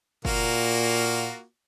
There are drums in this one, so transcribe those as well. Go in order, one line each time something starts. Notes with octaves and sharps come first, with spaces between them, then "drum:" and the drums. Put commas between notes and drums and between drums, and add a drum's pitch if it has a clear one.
A#2 A#3 F4 F#4, drum: kick